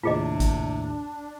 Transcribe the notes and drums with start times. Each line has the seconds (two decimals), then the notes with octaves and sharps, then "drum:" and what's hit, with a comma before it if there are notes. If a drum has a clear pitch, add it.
0.03 D#2 A2 C3 D4 F4 G#4 D#5
0.40 drum: kick G#1, hi-hat